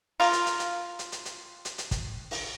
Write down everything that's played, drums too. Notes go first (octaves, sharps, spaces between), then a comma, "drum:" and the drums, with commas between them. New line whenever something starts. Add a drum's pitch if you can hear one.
A#3 F4, drum: open hi-hat
drum: hi-hat
drum: hi-hat
drum: hi-hat
drum: hi-hat
drum: hi-hat
drum: hi-hat
drum: hi-hat
drum: hi-hat
drum: kick, hi-hat
drum: open hi-hat